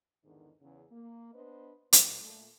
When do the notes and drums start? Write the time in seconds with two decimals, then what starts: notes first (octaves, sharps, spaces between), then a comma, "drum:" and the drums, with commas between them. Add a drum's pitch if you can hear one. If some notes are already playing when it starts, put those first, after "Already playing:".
0.24 E2 G#2 D3 D#3
0.61 E2 C#3
0.90 A#3
1.34 B3 D4 B4 C5 D#5
1.93 A#2, drum: hi-hat
2.21 A#2 A3